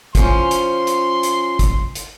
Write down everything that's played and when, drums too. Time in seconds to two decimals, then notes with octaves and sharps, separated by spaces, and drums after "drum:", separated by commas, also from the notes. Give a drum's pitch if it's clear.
0.15 F3 C#4 C6, drum: kick, hi-hat
0.51 drum: hi-hat
0.87 drum: hi-hat
1.23 drum: hi-hat
1.59 drum: kick, hi-hat
1.95 drum: hi-hat